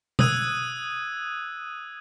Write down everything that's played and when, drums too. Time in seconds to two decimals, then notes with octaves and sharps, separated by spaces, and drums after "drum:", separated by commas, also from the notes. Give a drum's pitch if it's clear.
0.19 D#6 E6 F#6 G#6 D#7, drum: tom B2